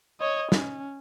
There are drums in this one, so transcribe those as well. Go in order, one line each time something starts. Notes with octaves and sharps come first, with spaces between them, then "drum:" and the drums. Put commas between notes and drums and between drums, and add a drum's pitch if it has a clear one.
C#5 D#5
C#4, drum: snare